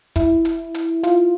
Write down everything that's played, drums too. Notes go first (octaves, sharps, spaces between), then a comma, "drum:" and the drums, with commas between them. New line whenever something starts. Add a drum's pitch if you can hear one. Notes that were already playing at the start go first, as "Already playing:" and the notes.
E4, drum: kick, hi-hat
drum: hi-hat
drum: hi-hat
F4, drum: hi-hat